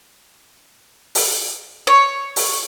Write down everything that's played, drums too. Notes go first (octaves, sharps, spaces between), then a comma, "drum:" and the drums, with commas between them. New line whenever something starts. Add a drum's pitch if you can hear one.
drum: open hi-hat
C#5
drum: open hi-hat